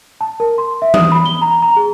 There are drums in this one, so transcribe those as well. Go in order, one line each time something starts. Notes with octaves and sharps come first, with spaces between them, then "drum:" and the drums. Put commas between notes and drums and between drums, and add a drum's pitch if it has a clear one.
A5
A#4
C6
E5
D#6, drum: tom E3
B5
G7
A#5
A#5
G#4